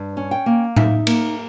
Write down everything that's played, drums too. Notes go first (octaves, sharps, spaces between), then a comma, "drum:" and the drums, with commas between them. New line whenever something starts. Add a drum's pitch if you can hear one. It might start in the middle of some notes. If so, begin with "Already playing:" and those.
Already playing: G2
C#4
G5
A#3
D#4 E5, drum: tom A2
A#3, drum: cymbal